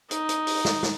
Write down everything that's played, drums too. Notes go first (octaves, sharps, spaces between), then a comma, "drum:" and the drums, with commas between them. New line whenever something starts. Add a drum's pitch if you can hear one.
D#4, drum: hi-hat
drum: hi-hat
drum: open hi-hat
drum: snare
drum: snare